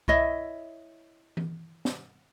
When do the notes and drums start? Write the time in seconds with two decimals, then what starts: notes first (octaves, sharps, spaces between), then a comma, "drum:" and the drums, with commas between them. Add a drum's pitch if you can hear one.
0.08 E4 C#5 D#5 E5, drum: kick C2
1.37 drum: tom E3
1.85 drum: snare